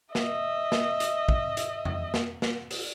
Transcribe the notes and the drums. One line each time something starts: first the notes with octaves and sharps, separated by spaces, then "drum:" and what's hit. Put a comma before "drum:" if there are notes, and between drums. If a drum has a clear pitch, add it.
D#5 E5, drum: snare
drum: snare
drum: hi-hat
drum: kick
drum: hi-hat
drum: tom F2
drum: snare
drum: snare
drum: open hi-hat